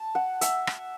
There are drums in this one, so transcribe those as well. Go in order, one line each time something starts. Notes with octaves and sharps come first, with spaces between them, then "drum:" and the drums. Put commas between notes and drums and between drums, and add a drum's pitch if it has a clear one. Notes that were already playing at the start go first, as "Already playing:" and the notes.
Already playing: A5
F#5
E5, drum: hi-hat
drum: rim click